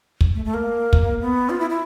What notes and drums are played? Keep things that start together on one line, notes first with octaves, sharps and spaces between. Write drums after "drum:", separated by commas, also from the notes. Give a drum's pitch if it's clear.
drum: kick
A3
A3
A#3
drum: kick
B3
F4
E4
E4